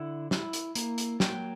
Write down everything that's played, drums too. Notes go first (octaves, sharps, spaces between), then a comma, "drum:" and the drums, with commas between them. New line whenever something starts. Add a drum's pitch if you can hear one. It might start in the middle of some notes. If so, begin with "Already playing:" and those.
Already playing: D3 E4 F#5
E4, drum: snare
drum: hi-hat
A#3, drum: hi-hat
drum: hi-hat
F#3 G5, drum: snare